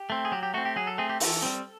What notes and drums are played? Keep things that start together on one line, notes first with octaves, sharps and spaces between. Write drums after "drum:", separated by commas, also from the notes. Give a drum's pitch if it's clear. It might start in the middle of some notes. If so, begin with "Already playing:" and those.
Already playing: G4
A3 C4
G#4
F#3 G4
G4
A3 C4 F#4
G4
F#3 G#4
A4
A3 C4 G#4
G4
E3 A4, drum: open hi-hat
G3 C4